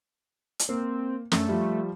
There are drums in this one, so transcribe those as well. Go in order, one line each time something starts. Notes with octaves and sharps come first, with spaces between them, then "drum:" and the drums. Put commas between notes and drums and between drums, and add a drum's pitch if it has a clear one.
drum: hi-hat
A#3 C4
F#2 A3, drum: snare
F3 G3